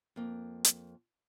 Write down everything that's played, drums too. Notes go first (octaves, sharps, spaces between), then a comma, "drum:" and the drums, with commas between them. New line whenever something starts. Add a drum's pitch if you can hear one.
F2 A#3
drum: hi-hat